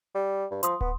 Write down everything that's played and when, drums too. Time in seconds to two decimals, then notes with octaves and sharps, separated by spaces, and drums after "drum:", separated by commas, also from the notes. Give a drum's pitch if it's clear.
0.14 G3
0.51 G2
0.63 F3 C6 D#6, drum: hi-hat
0.81 B3, drum: kick